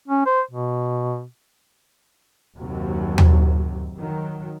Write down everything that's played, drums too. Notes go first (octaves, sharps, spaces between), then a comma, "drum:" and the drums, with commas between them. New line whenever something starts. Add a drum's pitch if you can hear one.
C#4
C5
B2
F#1 D#2 C3 F#3
drum: tom
D#3 F#3